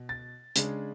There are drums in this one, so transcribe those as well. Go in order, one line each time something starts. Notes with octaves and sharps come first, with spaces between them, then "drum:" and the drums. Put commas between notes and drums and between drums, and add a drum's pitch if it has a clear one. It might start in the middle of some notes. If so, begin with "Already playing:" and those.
Already playing: B2
A6
C#3 G#3 D4, drum: hi-hat